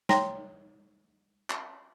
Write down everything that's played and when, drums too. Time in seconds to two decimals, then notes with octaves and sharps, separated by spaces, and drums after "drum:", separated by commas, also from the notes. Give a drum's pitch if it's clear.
0.09 C#5 G5 A#5 C6 A#6, drum: snare
1.50 drum: clap